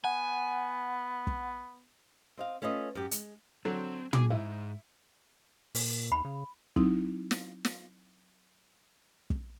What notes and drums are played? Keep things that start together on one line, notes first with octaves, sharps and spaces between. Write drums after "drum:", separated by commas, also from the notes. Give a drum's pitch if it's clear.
B3 F#5 G#5
drum: kick
C4 D#5 F5
A3 C#4 F4 B4 D#5
F#2 G4
G#3, drum: hi-hat
D3 F#3 C4
G#4 D6, drum: tom
G#2 E4
A#2, drum: open hi-hat
D#2 B5
C#3
F#3 C4 D#4 E4, drum: kick
drum: snare
drum: snare
drum: kick